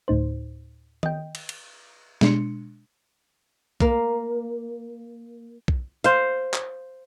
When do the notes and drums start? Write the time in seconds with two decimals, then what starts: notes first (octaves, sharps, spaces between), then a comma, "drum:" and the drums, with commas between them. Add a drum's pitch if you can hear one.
0.08 D2 A2 D#4 C5
1.03 D#5 G5, drum: tom D#3
1.35 drum: cymbal
1.49 drum: cymbal
2.21 B2 G#3 D4 C6 C#7, drum: snare
3.80 A#3 F5, drum: kick B1
5.68 drum: kick B1
6.04 C5 F5, drum: hi-hat
6.54 drum: clap